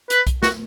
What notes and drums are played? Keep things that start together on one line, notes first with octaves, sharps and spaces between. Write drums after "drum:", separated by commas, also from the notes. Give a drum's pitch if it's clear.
B4, drum: hi-hat
drum: kick B1, hi-hat
F#4, drum: snare